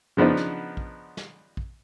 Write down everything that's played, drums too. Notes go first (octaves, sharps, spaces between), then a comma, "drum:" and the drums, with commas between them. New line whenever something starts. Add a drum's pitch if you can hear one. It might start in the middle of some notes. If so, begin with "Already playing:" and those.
C#3 F3 B3 D4 D#4
drum: snare
drum: kick
drum: snare
drum: kick